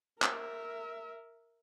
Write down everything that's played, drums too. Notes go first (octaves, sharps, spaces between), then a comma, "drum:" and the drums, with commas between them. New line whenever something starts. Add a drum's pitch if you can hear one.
A#4 E5, drum: clap